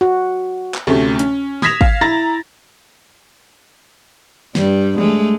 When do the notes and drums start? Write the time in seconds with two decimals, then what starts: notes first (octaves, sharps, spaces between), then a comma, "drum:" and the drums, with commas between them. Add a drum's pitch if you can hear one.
0.01 F#4
0.74 drum: clap
0.87 D2 C3 A3 C#4
1.19 C#4, drum: hi-hat
1.62 D#6 G#6 A#6 B6 E7 F7, drum: snare
1.81 F5, drum: kick G#1
2.01 E4 A#5 A6 A#6
4.55 G2 G3, drum: snare
4.98 G#3 A3, drum: tom D#3